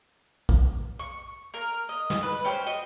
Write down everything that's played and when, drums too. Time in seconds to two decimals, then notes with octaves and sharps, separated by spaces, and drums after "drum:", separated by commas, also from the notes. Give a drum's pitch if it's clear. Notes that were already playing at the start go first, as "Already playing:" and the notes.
0.49 drum: kick
0.99 C#6
1.54 A#4
1.89 D#5
2.10 drum: snare
2.23 B4
2.44 C#4 G4 A4 C5
2.66 F#4 D#5